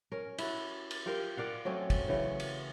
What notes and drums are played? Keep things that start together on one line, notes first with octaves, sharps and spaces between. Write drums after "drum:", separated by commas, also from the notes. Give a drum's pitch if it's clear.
C#4 A#4
E4 F#4, drum: cymbal
drum: cymbal
F4 G4 A#4 C5
A#4 D5 F5 F#5
F#3 A3 C4 C#4
drum: kick, cymbal
C#3 E3 F#3
drum: cymbal